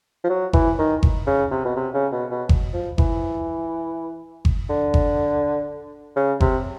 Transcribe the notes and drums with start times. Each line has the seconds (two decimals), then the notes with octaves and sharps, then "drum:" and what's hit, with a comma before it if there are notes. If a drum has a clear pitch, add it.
0.24 F3
0.29 F#3
0.53 E3, drum: kick G1
0.79 D#3
1.03 drum: kick G1
1.27 C#3
1.51 C3
1.65 B2
1.76 C3
1.94 C#3
2.12 B2
2.31 B2
2.49 drum: kick G1
2.73 F3
2.98 E3, drum: kick G1
4.45 drum: kick G1
4.70 D3
4.94 drum: kick G1
6.16 C#3
6.40 C3, drum: kick G1